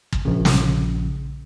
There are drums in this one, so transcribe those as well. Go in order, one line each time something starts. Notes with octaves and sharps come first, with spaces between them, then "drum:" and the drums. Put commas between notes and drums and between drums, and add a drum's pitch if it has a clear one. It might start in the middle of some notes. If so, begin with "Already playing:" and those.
drum: kick
A#1 C#3
drum: snare